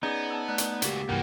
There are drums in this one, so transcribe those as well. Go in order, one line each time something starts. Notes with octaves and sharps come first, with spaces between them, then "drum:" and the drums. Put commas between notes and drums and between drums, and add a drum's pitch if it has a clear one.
B3 C#4 D#4 G#4 D5 D#6 G#6
A5 E6
A3 D5 A#5 F#6
drum: hi-hat
C#2 A#3 F#4 G4 B6, drum: hi-hat
C2 G2 E3 F#3 A#3 A#4 F#5 G5